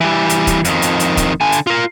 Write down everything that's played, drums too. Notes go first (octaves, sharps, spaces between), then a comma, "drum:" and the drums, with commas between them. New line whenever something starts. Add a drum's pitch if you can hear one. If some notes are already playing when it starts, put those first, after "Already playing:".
E3 G3
drum: hi-hat
drum: kick, hi-hat
F2 D#3, drum: hi-hat
drum: hi-hat
drum: hi-hat
drum: kick, hi-hat
D3 G#5
drum: hi-hat
F4 A#4